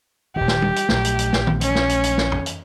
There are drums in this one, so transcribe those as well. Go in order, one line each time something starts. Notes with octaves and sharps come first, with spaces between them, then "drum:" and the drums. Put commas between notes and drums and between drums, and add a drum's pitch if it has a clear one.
D#1 D#3 G4
drum: snare
drum: tom
drum: hi-hat
A#1 F#3 A3, drum: snare
drum: hi-hat
drum: hi-hat
drum: snare
drum: tom D#3
C#4, drum: hi-hat
drum: snare
drum: hi-hat
drum: hi-hat
drum: snare
drum: tom
drum: hi-hat